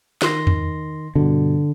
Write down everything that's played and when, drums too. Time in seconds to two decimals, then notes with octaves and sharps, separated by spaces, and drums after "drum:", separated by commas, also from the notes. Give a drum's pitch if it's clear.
0.22 D#3 C6 A#6, drum: snare
0.47 drum: tom E2
1.15 G2 B2 D3